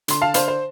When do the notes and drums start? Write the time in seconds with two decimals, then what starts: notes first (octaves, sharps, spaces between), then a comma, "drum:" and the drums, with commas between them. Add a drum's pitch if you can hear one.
0.08 D3 C6, drum: hi-hat
0.21 F5 A5
0.34 D4 C5 F5, drum: hi-hat
0.48 C5